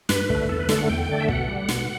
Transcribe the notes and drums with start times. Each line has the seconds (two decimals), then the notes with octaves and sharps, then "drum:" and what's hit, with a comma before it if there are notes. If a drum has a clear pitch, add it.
0.09 G2 B4, drum: snare
0.30 D3 A3, drum: kick
0.49 E2 A4
0.59 B4
0.69 D3 A3 A4, drum: snare
0.79 F#5
0.89 E2 G5
1.09 D3 A3 D5
1.20 E5
1.28 B2 F#5, drum: kick
1.48 G3
1.69 B2, drum: snare